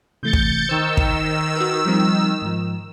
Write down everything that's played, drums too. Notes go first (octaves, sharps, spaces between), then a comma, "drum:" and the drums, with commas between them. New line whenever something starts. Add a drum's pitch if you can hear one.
C3 E3 A3 G6 A6 C#7
drum: kick
D#3 C5 E6
drum: kick
F#4 B4
F3 G3 C4
G#2 F3